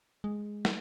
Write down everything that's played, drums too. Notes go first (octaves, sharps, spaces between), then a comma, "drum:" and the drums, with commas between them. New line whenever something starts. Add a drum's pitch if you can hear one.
G#3
drum: snare